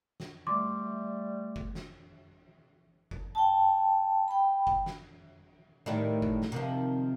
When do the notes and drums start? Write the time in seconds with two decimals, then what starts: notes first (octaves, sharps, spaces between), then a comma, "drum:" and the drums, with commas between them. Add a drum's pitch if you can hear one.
0.20 drum: snare
0.47 G3 A3 C6 D6
1.56 drum: kick F#1
1.75 drum: snare
3.11 drum: kick F#1
3.35 G5 A5
4.28 G5 B5
4.67 drum: kick F#1
4.86 drum: snare
5.86 A2 D#3 G3
6.22 drum: kick F#1
6.42 drum: snare
6.52 C3 D#3 F3